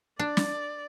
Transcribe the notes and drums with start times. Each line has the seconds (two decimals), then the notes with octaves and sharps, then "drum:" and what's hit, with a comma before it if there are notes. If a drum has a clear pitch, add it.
0.20 D4 D5
0.37 drum: snare